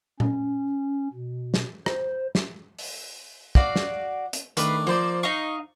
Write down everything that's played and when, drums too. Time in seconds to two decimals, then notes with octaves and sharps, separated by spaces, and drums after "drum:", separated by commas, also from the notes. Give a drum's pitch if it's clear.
0.20 C#4, drum: tom A#2
1.13 B2
1.54 drum: snare
1.86 C5, drum: rim click
2.35 drum: snare
2.79 drum: open hi-hat
3.55 F#4 D5 F5, drum: kick
3.76 drum: snare
4.33 drum: hi-hat
4.57 D#3 A3 D4 B4 F5, drum: hi-hat
4.87 F3 A#3 C5 D5
5.23 D#4 D#5 F5 C#6